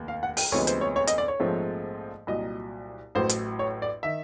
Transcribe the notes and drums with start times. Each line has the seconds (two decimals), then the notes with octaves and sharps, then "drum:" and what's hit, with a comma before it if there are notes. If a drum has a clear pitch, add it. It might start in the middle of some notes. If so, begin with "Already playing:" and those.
Already playing: F1 D#2
0.08 F5
0.23 F#5
0.37 G5, drum: open hi-hat
0.52 D2 C3 F3 G#3 B3 C#5
0.67 C5, drum: hi-hat
0.81 C#5
0.96 C#5
1.07 D#5, drum: hi-hat
1.18 D5
1.28 C#5
1.40 A#1 G#2 F3 A3 C4
2.27 C2 A#2 F#3 D#5
3.15 A1 A2 F#3 C5
3.29 drum: hi-hat
3.59 C#5
3.82 D5
4.03 D#3 E5